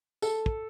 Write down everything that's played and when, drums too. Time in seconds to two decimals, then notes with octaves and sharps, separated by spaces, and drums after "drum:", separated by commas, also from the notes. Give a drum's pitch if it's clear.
0.22 A4, drum: tambourine
0.46 drum: kick